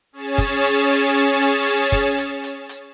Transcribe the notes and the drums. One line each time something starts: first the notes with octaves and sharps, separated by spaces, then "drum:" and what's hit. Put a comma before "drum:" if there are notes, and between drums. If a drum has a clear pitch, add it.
C#4 G#4 C#5 A6 E7
drum: kick, hi-hat
drum: hi-hat
drum: open hi-hat
drum: hi-hat
drum: hi-hat
drum: hi-hat
drum: kick, hi-hat
drum: hi-hat
drum: hi-hat
drum: hi-hat